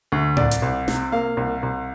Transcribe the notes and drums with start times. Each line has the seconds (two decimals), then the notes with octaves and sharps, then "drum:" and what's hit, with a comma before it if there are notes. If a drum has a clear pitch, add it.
0.12 D2
0.37 C2 D5, drum: tom A2
0.51 drum: hi-hat
0.62 C2
0.88 C3, drum: snare
1.12 A#3 F5
1.37 C2
1.63 C2